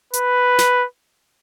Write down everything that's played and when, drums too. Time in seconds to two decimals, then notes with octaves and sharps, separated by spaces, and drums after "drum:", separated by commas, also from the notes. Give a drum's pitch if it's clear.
0.13 B4, drum: hi-hat
0.59 drum: snare